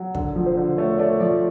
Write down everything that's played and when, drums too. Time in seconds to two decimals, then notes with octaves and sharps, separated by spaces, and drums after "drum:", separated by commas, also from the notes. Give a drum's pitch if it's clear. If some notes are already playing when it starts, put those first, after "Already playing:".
Already playing: F#3
0.15 D3, drum: kick
0.36 F3
0.46 C5
0.57 D3
0.78 A3 C#5
0.99 A3 D5
1.20 F3 D5